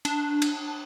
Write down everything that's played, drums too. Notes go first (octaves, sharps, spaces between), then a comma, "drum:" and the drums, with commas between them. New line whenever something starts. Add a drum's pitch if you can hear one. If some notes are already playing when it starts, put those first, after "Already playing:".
D4, drum: cymbal
drum: cymbal